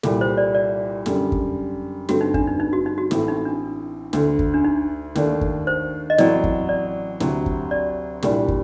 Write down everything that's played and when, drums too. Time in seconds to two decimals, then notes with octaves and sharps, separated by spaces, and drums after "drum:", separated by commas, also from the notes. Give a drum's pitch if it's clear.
0.03 C2 A#2 G3 A4, drum: snare
0.21 C5
0.37 D5
0.55 D5
1.06 F#2 D3 G3, drum: snare
1.32 drum: kick
2.09 G2 D3 A3 C4 F#4, drum: snare
2.21 D#4
2.34 D4, drum: kick
2.47 D#4
2.60 D#4
2.73 F#4
2.86 D#4
2.98 F#4
3.11 A1 A2 A3 C4, drum: snare
3.28 D#4
3.45 D4
4.13 D2 D3 A3, drum: snare
4.39 drum: kick
4.54 D4
4.65 D#4
5.15 D#2 D#3 A3 D4, drum: snare
5.41 drum: kick
5.67 C5
6.10 D#5
6.18 A1 A2 F#3 C4 D5, drum: snare
6.44 drum: kick
6.69 D5
7.20 D2 C3 F#3, drum: snare
7.46 drum: kick
7.71 D5
8.23 C2 A#2 G3 D4 G4, drum: snare
8.48 drum: kick